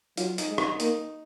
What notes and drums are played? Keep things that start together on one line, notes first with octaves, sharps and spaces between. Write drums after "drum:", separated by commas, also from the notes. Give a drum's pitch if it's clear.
F#3 F4, drum: hi-hat
D#4, drum: hi-hat
G#3
D#4, drum: rim click
A#3 D#4, drum: hi-hat